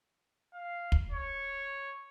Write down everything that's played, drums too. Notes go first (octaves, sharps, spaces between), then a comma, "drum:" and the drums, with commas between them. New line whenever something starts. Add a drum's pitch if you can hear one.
F5
drum: kick
C#5